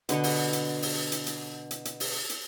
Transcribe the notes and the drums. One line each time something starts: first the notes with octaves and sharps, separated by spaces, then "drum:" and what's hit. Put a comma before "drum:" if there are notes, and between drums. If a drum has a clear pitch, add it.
B2 D3 D#5 F#5, drum: hi-hat
drum: open hi-hat
drum: hi-hat
drum: open hi-hat
drum: hi-hat
drum: hi-hat
drum: hi-hat
drum: hi-hat
drum: open hi-hat
drum: hi-hat